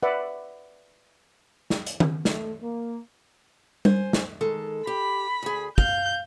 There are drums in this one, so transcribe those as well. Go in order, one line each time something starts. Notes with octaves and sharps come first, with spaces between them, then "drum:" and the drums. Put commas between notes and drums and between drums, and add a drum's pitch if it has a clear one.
B4 D5 E5 F#5
drum: snare
drum: hi-hat
drum: tom D#3
A3, drum: snare
A#3
C5 G#5, drum: tom G3
drum: snare
D#3 G#3 A4
G4 B5
D2 G#4
F5 G6, drum: kick